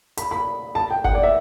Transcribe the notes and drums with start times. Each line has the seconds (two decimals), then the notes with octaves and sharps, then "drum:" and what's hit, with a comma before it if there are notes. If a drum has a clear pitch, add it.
0.17 B5, drum: hi-hat
0.31 B5
0.75 A5
0.90 G5
1.04 F#5, drum: kick
1.15 D5
1.23 E5